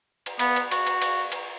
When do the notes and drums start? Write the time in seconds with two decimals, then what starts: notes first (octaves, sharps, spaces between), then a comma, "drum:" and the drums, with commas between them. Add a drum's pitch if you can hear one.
0.26 drum: cymbal
0.39 B3, drum: cymbal
0.56 drum: cymbal
0.71 F#4, drum: cymbal
0.87 drum: cymbal
1.02 drum: cymbal
1.32 drum: cymbal